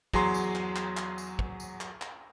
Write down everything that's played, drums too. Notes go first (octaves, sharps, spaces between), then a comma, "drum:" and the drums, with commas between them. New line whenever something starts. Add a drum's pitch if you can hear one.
E2 F#3 G#4 A#5 C6, drum: kick
drum: tambourine
drum: clap
drum: clap
drum: clap
drum: tambourine
drum: kick
drum: tambourine
drum: clap
drum: clap